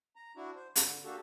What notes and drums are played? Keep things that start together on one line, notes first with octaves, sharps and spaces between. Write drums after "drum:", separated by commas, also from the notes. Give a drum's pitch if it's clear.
A#5
D4 E4 F#4
C5
D3, drum: hi-hat
A#3 D4 F#4 G4 A4